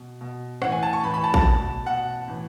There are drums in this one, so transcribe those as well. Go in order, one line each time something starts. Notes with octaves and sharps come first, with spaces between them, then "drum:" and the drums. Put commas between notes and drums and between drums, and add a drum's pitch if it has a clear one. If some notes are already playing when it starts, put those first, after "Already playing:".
Already playing: B2
B2
A2 E3 F#5, drum: rim click
G#5
A5
C#6
A2 E3 B5
B5
A5
A5, drum: kick A1
B2
B2 F#5
A2 E3